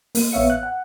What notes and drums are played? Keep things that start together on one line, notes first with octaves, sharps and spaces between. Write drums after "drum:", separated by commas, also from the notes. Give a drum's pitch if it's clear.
A#3, drum: open hi-hat
A1 B3 C#5 E5 F5 C#7
F#6
F#5